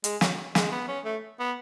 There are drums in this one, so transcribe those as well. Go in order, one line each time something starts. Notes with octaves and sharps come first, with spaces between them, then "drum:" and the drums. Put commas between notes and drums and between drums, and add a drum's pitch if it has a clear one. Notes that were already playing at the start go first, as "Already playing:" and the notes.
G#3, drum: hi-hat
F#3, drum: snare
G#3, drum: snare
B3
C#4
A3
B3